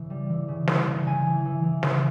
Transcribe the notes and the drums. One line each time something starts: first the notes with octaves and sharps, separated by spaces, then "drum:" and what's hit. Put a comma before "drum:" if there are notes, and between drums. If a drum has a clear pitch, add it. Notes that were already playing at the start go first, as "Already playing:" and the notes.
Already playing: C#3 E3
G3
E3
C#3
E3, drum: snare
C#3
C#3 G#5
E3
E3
E3
C#3, drum: snare